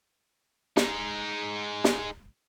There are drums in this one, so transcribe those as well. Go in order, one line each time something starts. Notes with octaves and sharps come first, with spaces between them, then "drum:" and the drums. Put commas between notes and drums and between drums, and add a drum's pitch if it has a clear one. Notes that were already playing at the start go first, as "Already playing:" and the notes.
G#3 D#4, drum: snare
drum: snare